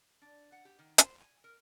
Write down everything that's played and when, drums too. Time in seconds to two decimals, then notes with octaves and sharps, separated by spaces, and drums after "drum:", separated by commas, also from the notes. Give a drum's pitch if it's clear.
0.22 D4
0.52 F#5
0.65 G4
0.79 D#3
0.98 C5, drum: hi-hat
1.20 G#5
1.44 A#4